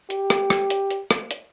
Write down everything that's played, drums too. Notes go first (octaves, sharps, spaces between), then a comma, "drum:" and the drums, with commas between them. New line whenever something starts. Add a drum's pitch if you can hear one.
G4, drum: hi-hat
drum: rim click
drum: rim click
drum: hi-hat
drum: hi-hat
drum: rim click
drum: hi-hat